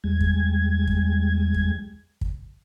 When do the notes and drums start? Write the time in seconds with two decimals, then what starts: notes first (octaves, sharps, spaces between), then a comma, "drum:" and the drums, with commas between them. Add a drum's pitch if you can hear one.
0.04 E2 G3 G#3 G#6
0.20 drum: kick
0.87 drum: kick
1.54 drum: kick
2.21 drum: kick